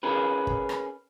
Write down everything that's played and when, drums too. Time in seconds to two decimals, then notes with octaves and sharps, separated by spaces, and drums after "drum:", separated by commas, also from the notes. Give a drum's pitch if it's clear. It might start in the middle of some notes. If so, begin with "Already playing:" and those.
0.03 C#4 G#4 A#4 B4
0.47 drum: kick
0.69 drum: rim click